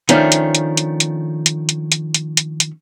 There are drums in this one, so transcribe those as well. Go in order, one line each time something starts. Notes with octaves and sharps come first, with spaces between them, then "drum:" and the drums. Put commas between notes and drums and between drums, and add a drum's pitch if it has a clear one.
D#3 F3 A3 C#4 D4, drum: hi-hat
drum: hi-hat
drum: hi-hat
drum: hi-hat
drum: hi-hat
drum: hi-hat
drum: hi-hat
drum: hi-hat
drum: hi-hat
drum: hi-hat
drum: hi-hat